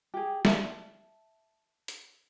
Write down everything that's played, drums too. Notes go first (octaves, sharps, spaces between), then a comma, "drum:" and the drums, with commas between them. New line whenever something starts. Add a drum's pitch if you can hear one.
G4 G#4
E5 A5, drum: snare
drum: hi-hat